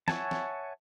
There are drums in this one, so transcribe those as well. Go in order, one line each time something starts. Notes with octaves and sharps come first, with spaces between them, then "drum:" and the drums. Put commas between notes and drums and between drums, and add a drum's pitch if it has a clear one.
C#5 E5 F#5 G#5 A5, drum: snare
drum: snare